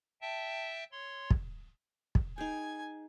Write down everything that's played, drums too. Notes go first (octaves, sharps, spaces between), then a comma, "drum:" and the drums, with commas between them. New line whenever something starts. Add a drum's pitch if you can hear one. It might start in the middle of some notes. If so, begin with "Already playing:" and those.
E5 G5 A5
C#5 C6
drum: kick
drum: kick
D#4 G#4 G5 G#5 G#6